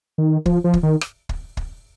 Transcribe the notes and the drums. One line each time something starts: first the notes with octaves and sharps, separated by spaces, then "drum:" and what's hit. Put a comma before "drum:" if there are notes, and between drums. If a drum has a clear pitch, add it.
D#3
F3, drum: kick
F3
drum: kick
D#3
drum: rim click
drum: kick
drum: kick